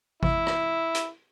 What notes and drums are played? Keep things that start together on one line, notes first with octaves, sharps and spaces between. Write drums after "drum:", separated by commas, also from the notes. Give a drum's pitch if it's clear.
E4, drum: kick G#1
drum: rim click
drum: hi-hat